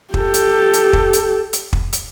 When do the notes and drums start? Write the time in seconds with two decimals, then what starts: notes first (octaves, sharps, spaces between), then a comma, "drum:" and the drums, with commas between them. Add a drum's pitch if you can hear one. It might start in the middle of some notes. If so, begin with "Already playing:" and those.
0.14 G4 A4, drum: kick
0.34 drum: hi-hat
0.73 drum: hi-hat
0.93 drum: kick
1.13 drum: hi-hat
1.53 drum: hi-hat
1.73 drum: kick
1.93 drum: hi-hat